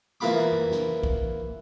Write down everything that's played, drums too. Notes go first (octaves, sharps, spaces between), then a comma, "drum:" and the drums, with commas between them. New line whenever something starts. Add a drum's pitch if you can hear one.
E3 A#3 F4 B5 D6
drum: tom F2
drum: snare
drum: kick